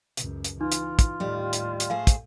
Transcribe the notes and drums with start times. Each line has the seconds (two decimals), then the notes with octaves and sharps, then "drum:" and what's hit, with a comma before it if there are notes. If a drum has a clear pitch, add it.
0.17 C#2 F#2, drum: hi-hat
0.44 drum: hi-hat
0.61 E3 D#4 F4
0.72 drum: hi-hat
0.99 drum: kick, hi-hat
1.20 D#2 A2 G3
1.53 drum: hi-hat
1.80 drum: hi-hat
1.90 A3 G#4 C5 F5
2.07 drum: kick, hi-hat